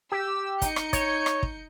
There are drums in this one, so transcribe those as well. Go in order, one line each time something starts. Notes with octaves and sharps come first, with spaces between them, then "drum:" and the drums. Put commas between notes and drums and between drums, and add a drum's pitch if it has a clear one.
G4 E6
D#4 G6 C#7, drum: kick, hi-hat
drum: rim click
C#5, drum: kick, hi-hat
drum: rim click
drum: kick